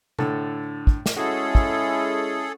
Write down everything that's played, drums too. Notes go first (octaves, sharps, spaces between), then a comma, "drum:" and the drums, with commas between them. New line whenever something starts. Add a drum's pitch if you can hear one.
A2 D3 A4, drum: tom C3
drum: kick
drum: snare
G#3 C#4 E4 F#4 G#4 A4
drum: kick